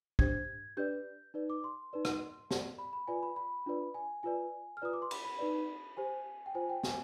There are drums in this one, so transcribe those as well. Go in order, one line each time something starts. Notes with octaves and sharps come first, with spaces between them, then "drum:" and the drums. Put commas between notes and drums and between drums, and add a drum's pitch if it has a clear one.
D4 G4 C5 G#6, drum: kick
D4 G4 B4 D5 G6
D#4 B4 D5
D6
C6
D#4 B4 D5
drum: rim click
G4 D5, drum: snare
B5
B5
F4 B4 D5 G#5
B5
B5
D4 F4 B4 D5
G#5
F4 B4 D5 G#5
F6
F4 B4 D5 D#6
D6
C6
B5, drum: cymbal
B5
D#4 B4 D5
G4 C5 G#5
G5
F4 C5 G#5
G5
G#5, drum: snare